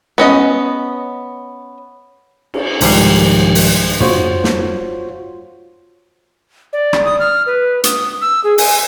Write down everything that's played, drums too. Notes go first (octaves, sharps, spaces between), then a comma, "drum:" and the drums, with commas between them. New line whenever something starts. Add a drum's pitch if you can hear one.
B3 C#4 D#5
drum: cymbal
C2 G#2 D#3 F3 G4 C7, drum: open hi-hat
drum: open hi-hat
F4 F#4 C5 C#5, drum: tom
drum: snare
D5
drum: rim click
D#6
F6
B4
D#6, drum: hi-hat
E6
G#4
G#5, drum: open hi-hat